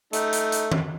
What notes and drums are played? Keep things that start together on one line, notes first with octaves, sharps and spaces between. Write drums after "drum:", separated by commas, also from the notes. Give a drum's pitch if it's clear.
A3 D#4, drum: hi-hat
drum: hi-hat
drum: hi-hat
drum: tom D#3